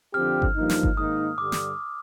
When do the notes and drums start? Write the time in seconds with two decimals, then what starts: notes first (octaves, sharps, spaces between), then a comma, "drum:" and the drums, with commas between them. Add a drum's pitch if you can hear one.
0.14 F2 D3 F3 C4 G4 F6
0.42 drum: kick G1
0.56 G2 F3 A#3 D#4
0.70 drum: snare
0.83 drum: kick G1
0.96 G#2 D#3 A#3 D#4 D#6
1.38 G2 D3 G3 D6
1.52 drum: snare